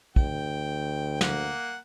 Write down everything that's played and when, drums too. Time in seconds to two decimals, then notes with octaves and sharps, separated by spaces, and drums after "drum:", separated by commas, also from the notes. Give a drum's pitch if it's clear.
0.16 D2 G5, drum: kick
1.21 A#3 F#5, drum: snare